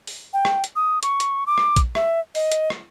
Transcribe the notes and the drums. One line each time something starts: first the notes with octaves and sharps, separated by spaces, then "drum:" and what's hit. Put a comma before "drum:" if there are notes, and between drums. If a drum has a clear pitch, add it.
drum: open hi-hat
G5
drum: rim click
drum: hi-hat
D#6
C#6, drum: hi-hat
drum: hi-hat
D6
drum: rim click
drum: kick A#1, hi-hat
E5, drum: rim click
D#5, drum: open hi-hat
drum: hi-hat
drum: rim click